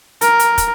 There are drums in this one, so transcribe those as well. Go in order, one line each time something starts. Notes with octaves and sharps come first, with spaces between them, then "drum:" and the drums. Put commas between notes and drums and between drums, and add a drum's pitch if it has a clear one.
A#4, drum: hi-hat
drum: hi-hat
drum: kick, hi-hat